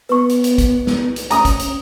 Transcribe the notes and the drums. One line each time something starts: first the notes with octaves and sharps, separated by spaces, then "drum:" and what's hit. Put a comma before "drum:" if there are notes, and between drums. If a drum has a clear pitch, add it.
B3 B4 C#6
drum: hi-hat
drum: hi-hat
drum: kick, hi-hat
drum: snare
drum: hi-hat
C#4 A#5 D#6, drum: hi-hat
drum: kick, hi-hat
drum: hi-hat